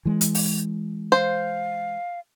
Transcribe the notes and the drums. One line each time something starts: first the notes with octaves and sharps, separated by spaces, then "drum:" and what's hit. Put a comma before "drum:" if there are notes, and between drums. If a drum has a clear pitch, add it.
E3 G#3
drum: hi-hat
drum: open hi-hat
C5 F5